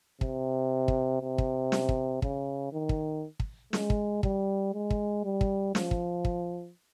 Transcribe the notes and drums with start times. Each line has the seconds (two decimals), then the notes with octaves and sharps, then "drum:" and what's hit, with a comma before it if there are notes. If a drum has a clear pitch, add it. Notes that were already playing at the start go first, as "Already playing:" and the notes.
0.21 C3, drum: kick
0.88 drum: kick
1.21 C3
1.38 drum: kick
1.72 drum: snare
1.89 drum: kick
2.22 C#3, drum: kick
2.73 D#3
2.89 drum: kick
3.40 drum: kick
3.73 G#3, drum: snare
3.90 drum: kick
4.23 G3, drum: kick
4.74 G#3
4.90 drum: kick
5.25 G3
5.41 drum: kick
5.75 F3, drum: snare
5.91 drum: kick
6.25 drum: kick